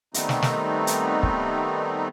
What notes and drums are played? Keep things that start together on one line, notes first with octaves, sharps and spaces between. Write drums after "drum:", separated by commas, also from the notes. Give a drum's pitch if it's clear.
D#3 G3 A3 B3 C4 D#4, drum: hi-hat
drum: snare
drum: snare
drum: hi-hat
drum: kick